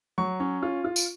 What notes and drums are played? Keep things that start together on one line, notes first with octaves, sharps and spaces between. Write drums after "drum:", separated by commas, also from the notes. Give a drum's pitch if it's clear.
F#3 C#6
C#4
F4
F4
drum: tambourine